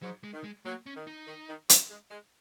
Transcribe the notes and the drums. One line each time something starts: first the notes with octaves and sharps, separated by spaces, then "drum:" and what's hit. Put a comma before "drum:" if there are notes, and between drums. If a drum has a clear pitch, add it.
G#2 F#3
G#3
D#3
G#3
F#3 A#3
C#4
D#3
D#4
D#3
D#3
F#3, drum: hi-hat
G#3
G#3